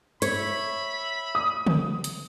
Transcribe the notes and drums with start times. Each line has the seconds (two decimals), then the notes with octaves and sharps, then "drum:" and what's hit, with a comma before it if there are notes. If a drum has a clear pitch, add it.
0.22 C#5 E5 B5, drum: hi-hat
1.35 D#6
1.67 drum: tom
2.04 drum: hi-hat